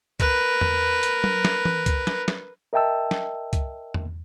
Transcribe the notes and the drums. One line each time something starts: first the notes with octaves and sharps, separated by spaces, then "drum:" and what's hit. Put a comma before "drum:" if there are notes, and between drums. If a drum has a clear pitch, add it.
A#4 B4, drum: kick, hi-hat
drum: tom E2
drum: hi-hat
drum: tom
drum: snare
drum: tom E3
drum: kick, hi-hat
drum: snare
drum: snare
A#4 D#5 E5 G5 A5 E6
drum: snare
drum: kick, hi-hat
drum: tom E2